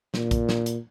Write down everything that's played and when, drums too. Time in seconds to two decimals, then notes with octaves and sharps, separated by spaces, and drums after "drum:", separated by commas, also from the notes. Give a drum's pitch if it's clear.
0.14 A#2, drum: snare
0.31 drum: kick A#1, hi-hat
0.49 drum: snare
0.66 drum: hi-hat